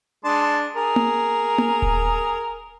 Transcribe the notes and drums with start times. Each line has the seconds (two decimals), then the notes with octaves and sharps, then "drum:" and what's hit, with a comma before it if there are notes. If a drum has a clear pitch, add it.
0.25 G#3 D4 A5 C6
0.76 G#4 A#4
0.96 drum: tom A#3
1.58 drum: tom A#3
1.82 drum: kick D#1